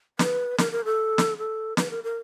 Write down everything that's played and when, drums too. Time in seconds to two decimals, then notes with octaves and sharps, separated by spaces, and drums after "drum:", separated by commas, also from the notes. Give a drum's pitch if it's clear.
0.19 B4, drum: snare
0.58 A#4, drum: snare
0.72 A#4
0.85 A4
1.18 drum: snare
1.38 A4
1.77 B4, drum: snare
1.91 A#4
2.04 A#4